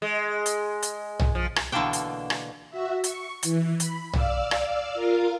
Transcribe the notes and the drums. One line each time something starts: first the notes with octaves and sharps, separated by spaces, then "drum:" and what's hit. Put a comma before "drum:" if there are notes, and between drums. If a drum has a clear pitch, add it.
G#3
drum: hi-hat
drum: hi-hat
drum: tom B1
F3
drum: rim click
B2 D3 E3 A#3 D4 G5
drum: hi-hat
drum: rim click
F#4 E5
C#6, drum: hi-hat
E3, drum: hi-hat
B5, drum: hi-hat
D5 F5 E6, drum: tom B1
drum: rim click
F4 A#4 F5